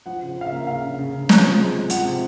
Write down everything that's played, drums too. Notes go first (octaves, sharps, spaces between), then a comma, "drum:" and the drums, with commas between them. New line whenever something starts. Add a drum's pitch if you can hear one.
F3 F#5
C#3
C#3 F5
E5
A#3
C#3 F5
C#3
C#3
C#3
C3, drum: snare
F3
G#3
G#3
F3 F#5, drum: hi-hat
C3